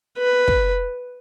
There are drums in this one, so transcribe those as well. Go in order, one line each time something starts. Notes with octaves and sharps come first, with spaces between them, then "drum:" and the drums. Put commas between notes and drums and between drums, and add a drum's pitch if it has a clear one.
B4
drum: kick